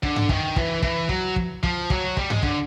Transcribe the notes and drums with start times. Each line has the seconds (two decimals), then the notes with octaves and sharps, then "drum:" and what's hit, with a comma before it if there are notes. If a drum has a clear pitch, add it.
0.03 D3, drum: kick
0.16 drum: tom G2
0.29 D#3, drum: kick
0.56 E3, drum: kick
0.82 E3, drum: kick
1.09 F#3, drum: kick
1.36 drum: kick
1.63 F3, drum: kick
1.90 F#3, drum: kick
2.17 G3, drum: kick
2.30 G#3, drum: tom G2
2.43 D3, drum: kick